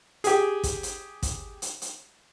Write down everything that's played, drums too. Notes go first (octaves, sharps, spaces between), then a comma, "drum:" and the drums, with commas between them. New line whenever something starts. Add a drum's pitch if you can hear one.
G4 G#4, drum: hi-hat
drum: kick, hi-hat
drum: hi-hat
drum: kick, hi-hat
drum: hi-hat
drum: hi-hat